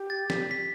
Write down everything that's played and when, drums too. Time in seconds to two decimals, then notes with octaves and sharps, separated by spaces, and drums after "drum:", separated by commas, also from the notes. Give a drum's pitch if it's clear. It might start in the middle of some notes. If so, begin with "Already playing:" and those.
Already playing: G4
0.10 A6
0.30 B6, drum: snare
0.51 B6